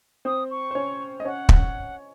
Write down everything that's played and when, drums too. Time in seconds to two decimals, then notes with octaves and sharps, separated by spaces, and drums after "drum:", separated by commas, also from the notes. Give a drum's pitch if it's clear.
0.25 C4 C5 D#6
0.51 C#6
0.71 C5
0.75 C#4 C#5
1.20 D#5
1.25 C#4 C#5 F#5
1.49 drum: kick